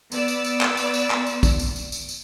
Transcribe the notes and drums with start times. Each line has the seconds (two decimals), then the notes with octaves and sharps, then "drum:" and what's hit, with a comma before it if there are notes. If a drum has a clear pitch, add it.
0.12 B3 D5 E6, drum: tambourine
0.28 drum: tambourine
0.44 drum: tambourine
0.61 drum: clap
0.77 drum: tambourine
0.94 drum: tambourine
1.10 drum: clap
1.27 drum: tambourine
1.43 drum: kick, tambourine
1.59 drum: tambourine
1.76 drum: tambourine
1.92 drum: tambourine
2.09 drum: tambourine